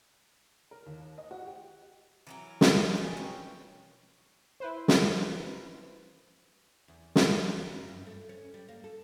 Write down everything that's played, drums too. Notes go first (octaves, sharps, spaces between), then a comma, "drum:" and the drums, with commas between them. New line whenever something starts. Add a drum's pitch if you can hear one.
A#4
D#2
D#5
F#4
G4
E3 F#3 A#4
drum: snare
B2 G3 G#3 D#4 F4
C#5 G5
E4 B4 C5
drum: snare
E2
drum: snare
E2
F#2
G2
A3
C#4
G3
A#3
A4